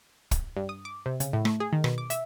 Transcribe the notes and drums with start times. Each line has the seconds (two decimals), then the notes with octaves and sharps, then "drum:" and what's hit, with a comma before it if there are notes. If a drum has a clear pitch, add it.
0.31 drum: kick, hi-hat
0.57 G2
0.69 D#6
0.85 D6
1.06 C3
1.20 C#3, drum: hi-hat
1.33 A2
1.45 A3, drum: rim click
1.60 G#4
1.73 D#3
1.84 B2, drum: rim click
1.98 D6
2.10 E5, drum: hi-hat